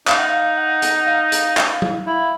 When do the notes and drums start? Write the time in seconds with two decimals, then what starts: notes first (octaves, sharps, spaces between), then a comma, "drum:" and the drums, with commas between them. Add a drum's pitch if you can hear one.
0.07 D#4 F5, drum: clap
0.18 F#5
0.29 F5
0.57 F#5
0.82 drum: hi-hat
1.07 F5
1.32 drum: hi-hat
1.57 drum: clap
1.82 drum: tom
2.07 E4